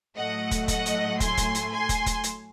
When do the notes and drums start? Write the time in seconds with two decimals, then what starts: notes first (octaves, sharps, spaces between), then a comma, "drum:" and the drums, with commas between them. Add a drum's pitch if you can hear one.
0.17 A2 F#3 A3 D#5 F#5
0.51 drum: kick, hi-hat
0.68 D#5 F#5, drum: kick, hi-hat
0.86 drum: hi-hat
1.20 G#5 C6, drum: kick, hi-hat
1.37 drum: kick, hi-hat
1.55 drum: hi-hat
1.72 G#5 C6
1.89 drum: kick, hi-hat
2.06 drum: kick, hi-hat
2.24 drum: hi-hat